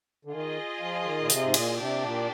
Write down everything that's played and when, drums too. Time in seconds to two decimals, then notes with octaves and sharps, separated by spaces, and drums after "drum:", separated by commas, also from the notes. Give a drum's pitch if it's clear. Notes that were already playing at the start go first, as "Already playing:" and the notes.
0.25 D3
0.32 D#3 F4 G#4 D#5
0.81 F3
1.05 D#3
1.21 A#2
1.29 C3, drum: hi-hat
1.44 G#2
1.54 A#2, drum: cymbal
1.78 C3 A#3 D4 G4 D5
2.02 A#2